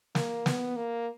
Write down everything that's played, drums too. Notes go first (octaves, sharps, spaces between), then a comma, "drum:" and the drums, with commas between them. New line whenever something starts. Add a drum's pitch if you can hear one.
A#3, drum: snare
B3, drum: snare
A#3